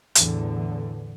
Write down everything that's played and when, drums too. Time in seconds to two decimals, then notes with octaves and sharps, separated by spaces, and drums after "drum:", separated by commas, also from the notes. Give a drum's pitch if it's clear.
0.15 E2 A2 D3 E3, drum: hi-hat